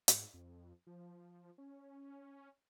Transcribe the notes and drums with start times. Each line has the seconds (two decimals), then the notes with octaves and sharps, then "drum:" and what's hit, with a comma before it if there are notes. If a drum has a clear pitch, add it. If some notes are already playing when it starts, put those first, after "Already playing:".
0.08 G#2, drum: hi-hat
0.34 F2
0.87 F3
1.58 C#4